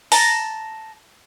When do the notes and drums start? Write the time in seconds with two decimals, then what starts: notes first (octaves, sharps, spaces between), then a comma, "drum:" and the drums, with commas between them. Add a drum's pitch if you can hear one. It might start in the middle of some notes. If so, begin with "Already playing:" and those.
0.12 A5 A#5, drum: open hi-hat